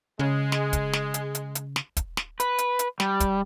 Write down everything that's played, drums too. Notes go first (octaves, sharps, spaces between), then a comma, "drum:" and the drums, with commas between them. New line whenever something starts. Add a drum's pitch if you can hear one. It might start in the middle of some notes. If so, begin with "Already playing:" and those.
C#3 G#3
drum: snare
drum: kick, hi-hat
drum: snare
drum: hi-hat
drum: hi-hat
drum: hi-hat
drum: snare
drum: kick, hi-hat
drum: snare
B4, drum: hi-hat
drum: hi-hat
drum: hi-hat
G3, drum: snare
drum: kick, hi-hat